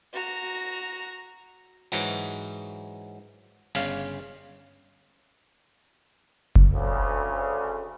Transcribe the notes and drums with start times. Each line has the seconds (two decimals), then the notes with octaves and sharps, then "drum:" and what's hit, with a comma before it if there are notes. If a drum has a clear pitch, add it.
0.13 F#4 A#5
1.92 G#2 E3 F#3, drum: cymbal
3.75 G1 C#3 F5, drum: open hi-hat
6.56 drum: kick F#1
6.73 D2 C#3